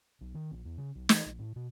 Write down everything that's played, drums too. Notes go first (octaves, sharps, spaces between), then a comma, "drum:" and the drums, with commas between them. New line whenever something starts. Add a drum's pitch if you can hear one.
B1
D#3
A#1
E2
C#3
B1
E3, drum: snare
A#1
A2
B2